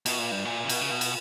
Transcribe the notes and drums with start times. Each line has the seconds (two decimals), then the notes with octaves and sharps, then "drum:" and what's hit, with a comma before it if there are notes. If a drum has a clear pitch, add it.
0.06 B2, drum: cymbal
0.18 A#2
0.32 G2
0.45 A#2
0.63 C#3
0.69 B2, drum: cymbal
0.81 C#3
0.91 B2
1.01 drum: cymbal